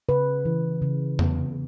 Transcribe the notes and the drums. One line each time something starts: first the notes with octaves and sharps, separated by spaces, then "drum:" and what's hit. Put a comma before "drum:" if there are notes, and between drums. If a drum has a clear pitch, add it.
C#3 B4
E3
C#3
B3, drum: tom E2